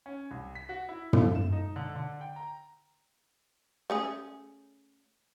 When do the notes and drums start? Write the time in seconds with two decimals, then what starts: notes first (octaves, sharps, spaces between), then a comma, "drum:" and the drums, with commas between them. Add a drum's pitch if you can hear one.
0.06 C#4
0.31 C2
0.55 B6
0.69 F#4
0.89 E4
1.13 F3, drum: tom
1.35 E7
1.52 D#4
1.76 D3
1.95 D3
2.21 G5
2.36 A#5
3.90 A3 C#4 G#4